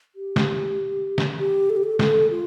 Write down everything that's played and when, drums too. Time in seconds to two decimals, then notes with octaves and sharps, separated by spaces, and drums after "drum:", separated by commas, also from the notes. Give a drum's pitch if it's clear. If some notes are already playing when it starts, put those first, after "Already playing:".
0.16 G4
0.36 drum: snare
1.18 drum: snare
1.39 G4
1.70 A4
1.76 G4
1.84 A4
1.99 A4, drum: snare
2.31 F4